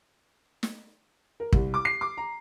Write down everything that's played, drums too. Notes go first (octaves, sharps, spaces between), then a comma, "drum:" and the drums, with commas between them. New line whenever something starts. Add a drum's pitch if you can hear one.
drum: snare
A#4
C2, drum: kick
D6
C7
D6
A#5